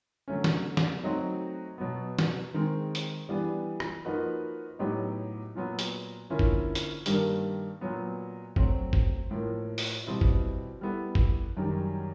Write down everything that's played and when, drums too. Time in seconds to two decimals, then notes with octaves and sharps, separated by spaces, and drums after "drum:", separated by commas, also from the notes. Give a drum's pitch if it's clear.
0.28 D3 F#3 A3 C#4
0.44 drum: snare
0.77 drum: snare
1.03 F#3 A3 C4 D#4 F#4
1.78 B2 F#3 B3
2.19 drum: snare
2.54 D#3 G#3 C4
2.95 drum: hi-hat
3.29 E3 G3 B3 D4
3.80 drum: rim click
4.05 F3 A#3 D#4 F#4 B4
4.79 A2 F#3 B3 D#4 G4
5.55 A#2 F#3 B3
5.79 drum: hi-hat
6.30 D3 F3 A#3 C#4 E4
6.39 drum: kick F#1
6.75 drum: hi-hat
7.06 G2 D#3 G3 A#3, drum: hi-hat
7.81 A#2 F#3 B3
8.56 F#3 A3 C4, drum: kick F#1
8.93 drum: kick F#1
9.31 A2 F3 A#3
9.78 drum: open hi-hat
10.07 B2 G3 C4 E4
10.21 drum: kick F#1
10.81 G3 B3 E4 A4
11.15 drum: kick F#1
11.57 F#2 D#3 G3